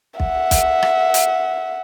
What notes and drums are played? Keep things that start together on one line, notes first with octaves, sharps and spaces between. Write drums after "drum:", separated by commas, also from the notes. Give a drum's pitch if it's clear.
E5 F#5, drum: kick
drum: kick, hi-hat
drum: rim click
drum: hi-hat